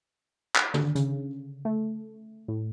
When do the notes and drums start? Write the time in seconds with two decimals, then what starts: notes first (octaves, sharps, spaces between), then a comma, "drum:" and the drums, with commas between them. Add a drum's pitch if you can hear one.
0.56 drum: clap
0.74 D3, drum: tom
0.95 C#3, drum: hi-hat
1.65 A3
2.48 A2